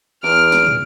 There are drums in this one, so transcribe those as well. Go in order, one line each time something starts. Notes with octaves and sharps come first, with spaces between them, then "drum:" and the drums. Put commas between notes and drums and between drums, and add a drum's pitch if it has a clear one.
E2 F6 D7
drum: snare
drum: tom